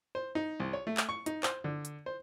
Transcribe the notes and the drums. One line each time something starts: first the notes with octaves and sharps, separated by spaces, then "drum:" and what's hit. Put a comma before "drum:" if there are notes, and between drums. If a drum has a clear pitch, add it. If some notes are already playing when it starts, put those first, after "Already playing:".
C5
D#4
C2
C#5
A3
drum: clap
C#6
D#4, drum: hi-hat
C5, drum: clap
D3
drum: hi-hat
C5